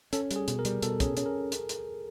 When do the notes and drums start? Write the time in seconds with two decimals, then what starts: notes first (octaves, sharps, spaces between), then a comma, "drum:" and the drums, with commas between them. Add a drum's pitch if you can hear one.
0.13 C#4 A4, drum: hi-hat
0.31 G3, drum: hi-hat
0.36 G#4
0.48 B2, drum: hi-hat
0.59 A#4
0.65 G3, drum: hi-hat
0.82 B2 A4, drum: hi-hat
1.00 C#4 G#4, drum: kick, hi-hat
1.17 C#4 G#4, drum: hi-hat
1.26 A#4
1.52 drum: hi-hat
1.69 drum: hi-hat